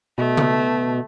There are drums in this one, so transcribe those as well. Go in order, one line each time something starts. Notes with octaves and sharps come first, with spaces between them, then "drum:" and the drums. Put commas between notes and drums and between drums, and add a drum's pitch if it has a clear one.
B2 A3
drum: tom C#3